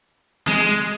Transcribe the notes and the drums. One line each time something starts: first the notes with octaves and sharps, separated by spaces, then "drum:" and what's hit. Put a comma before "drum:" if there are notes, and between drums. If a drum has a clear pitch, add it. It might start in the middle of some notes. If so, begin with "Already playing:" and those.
G#3, drum: snare